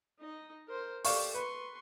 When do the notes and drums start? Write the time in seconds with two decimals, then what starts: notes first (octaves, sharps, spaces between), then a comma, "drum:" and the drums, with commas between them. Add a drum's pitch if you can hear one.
0.20 D#4 D#5
0.68 A#4 C5
1.05 G4 A4 D5 F5 C#6, drum: open hi-hat
1.34 B4 C6 C#6